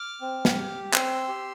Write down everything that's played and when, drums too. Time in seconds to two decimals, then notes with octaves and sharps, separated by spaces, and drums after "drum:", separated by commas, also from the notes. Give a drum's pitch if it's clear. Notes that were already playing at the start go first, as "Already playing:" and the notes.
Already playing: D6 F6
0.21 C4
0.45 drum: snare
0.58 G4
0.93 C4 C6 E6, drum: clap
1.28 G4